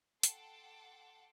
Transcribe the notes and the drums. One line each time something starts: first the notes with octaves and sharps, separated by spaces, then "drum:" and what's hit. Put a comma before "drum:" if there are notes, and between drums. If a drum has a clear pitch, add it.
A4 F#5 G5 A5 C6 D6, drum: hi-hat